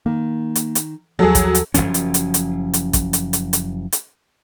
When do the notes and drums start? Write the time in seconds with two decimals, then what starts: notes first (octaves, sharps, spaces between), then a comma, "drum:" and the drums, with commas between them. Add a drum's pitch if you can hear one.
0.06 D#3 A#3
0.55 drum: hi-hat
0.75 drum: hi-hat
1.19 D#2 F3 F#3 G#4 A4
1.35 drum: kick A1, hi-hat
1.55 drum: hi-hat
1.74 F#1 D#2 F3 C#4, drum: hi-hat
1.94 drum: hi-hat
2.14 drum: hi-hat
2.34 drum: hi-hat
2.74 drum: hi-hat
2.93 drum: kick A1, hi-hat
3.13 drum: hi-hat
3.33 drum: hi-hat
3.53 drum: hi-hat
3.92 drum: hi-hat